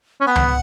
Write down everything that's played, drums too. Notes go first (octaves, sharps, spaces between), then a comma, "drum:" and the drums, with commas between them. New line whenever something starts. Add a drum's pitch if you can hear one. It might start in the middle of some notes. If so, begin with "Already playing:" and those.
C#4
B3 F#5 G#5
drum: tom C#2